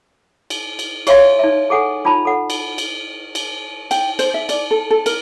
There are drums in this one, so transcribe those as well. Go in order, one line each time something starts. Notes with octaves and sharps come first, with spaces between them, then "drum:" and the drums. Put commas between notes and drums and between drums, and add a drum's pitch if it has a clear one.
drum: cymbal
drum: cymbal
G4 C#5 E5 F5 C6, drum: cymbal
D#4 E5
G#4 A4 F#5 G#5
D#4 F4 A5 B5
A4 F#5
drum: cymbal
drum: cymbal
drum: cymbal
G5, drum: cymbal
C5, drum: cymbal
E5
D5, drum: cymbal
A4
A4
A#4, drum: cymbal